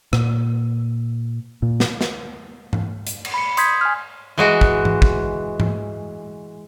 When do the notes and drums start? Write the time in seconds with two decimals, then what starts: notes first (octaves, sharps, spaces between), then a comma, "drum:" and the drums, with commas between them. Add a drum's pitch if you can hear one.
0.13 A#2, drum: rim click
1.62 A#2
1.80 drum: snare
2.01 drum: snare
2.73 drum: tom G#2
3.07 drum: hi-hat
3.25 drum: cymbal
3.34 B5 C#7
3.57 C6 D#6 G6 G#6 B6, drum: hi-hat
3.81 G#5 F6
4.38 E3 G#3 F#4
4.61 drum: kick
4.85 drum: tom G#2
5.02 drum: kick
5.60 drum: tom G#2